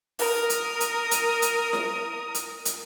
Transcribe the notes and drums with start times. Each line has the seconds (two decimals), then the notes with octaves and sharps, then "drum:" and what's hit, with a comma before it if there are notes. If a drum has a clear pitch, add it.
0.19 A#4 D#6, drum: open hi-hat
0.50 drum: hi-hat
0.80 drum: hi-hat
1.11 drum: hi-hat
1.42 drum: hi-hat
1.73 drum: snare E4
2.34 drum: hi-hat
2.65 drum: hi-hat